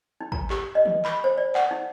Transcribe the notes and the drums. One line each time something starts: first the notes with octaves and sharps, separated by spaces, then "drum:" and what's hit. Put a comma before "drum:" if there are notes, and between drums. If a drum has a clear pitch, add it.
D#4
A#5, drum: kick
G4, drum: clap
D#5
drum: tom D#3
B5, drum: clap
C5
D5
F#5, drum: clap
D#4